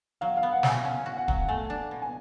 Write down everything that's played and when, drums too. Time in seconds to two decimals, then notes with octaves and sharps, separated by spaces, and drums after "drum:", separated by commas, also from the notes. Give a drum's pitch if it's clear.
0.21 F#3 F5
0.37 F5
0.43 B3
0.52 F#5
0.63 C#3, drum: snare
0.69 G#5
0.85 C#4 G#5
1.06 F#4
1.17 F#5
1.28 F#3, drum: kick D#1
1.49 A3 G#5
1.70 D4
1.91 B2
2.02 G#5